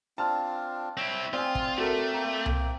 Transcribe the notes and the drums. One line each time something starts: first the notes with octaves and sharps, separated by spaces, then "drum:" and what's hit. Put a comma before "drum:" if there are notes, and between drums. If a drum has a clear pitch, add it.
C4 D4 F4 A5 F6
C4 E4 C#5
C4 F4 D5 G5 G#5 D#6
drum: kick
A3 F#4 A4 A#4 D5
A#3 G5 A#5
drum: tom C2